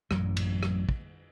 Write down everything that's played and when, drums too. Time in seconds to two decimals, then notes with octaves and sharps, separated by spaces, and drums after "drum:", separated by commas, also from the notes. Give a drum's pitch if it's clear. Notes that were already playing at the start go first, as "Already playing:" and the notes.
0.11 A1 F#2 A#2 F#3, drum: rim click
0.37 drum: cymbal
0.63 drum: rim click
0.89 drum: kick